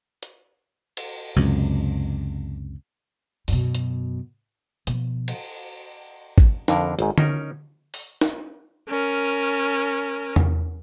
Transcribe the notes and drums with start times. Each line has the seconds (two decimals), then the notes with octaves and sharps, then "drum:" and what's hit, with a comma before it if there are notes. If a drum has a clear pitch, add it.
0.23 drum: hi-hat
0.97 drum: cymbal
1.36 C#2 F#2 C3
3.48 F#2 B2, drum: open hi-hat
3.75 drum: hi-hat
4.87 B2 F3, drum: hi-hat
5.28 drum: cymbal
6.38 drum: kick
6.68 F2 D3 A#4, drum: snare
6.99 G#1 G#2, drum: hi-hat
7.18 C#4 D#4 A#4, drum: tom D3
7.94 drum: open hi-hat
8.21 drum: snare
8.88 C#4 A#4
10.36 drum: tom E2